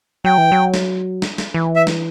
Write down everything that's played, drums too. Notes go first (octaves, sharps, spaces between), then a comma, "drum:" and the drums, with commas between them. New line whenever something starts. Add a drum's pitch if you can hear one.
F#3 G5
E3
F#3
drum: snare
drum: snare
drum: snare
E3
E5
drum: snare